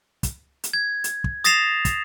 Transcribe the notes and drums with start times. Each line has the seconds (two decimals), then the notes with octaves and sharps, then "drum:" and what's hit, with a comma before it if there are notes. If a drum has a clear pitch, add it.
0.23 drum: kick, hi-hat
0.64 drum: hi-hat
0.73 G#6
1.04 drum: hi-hat
1.24 drum: kick
1.44 D#6 A6 A#6 C7 E7 F7, drum: hi-hat
1.85 drum: kick, hi-hat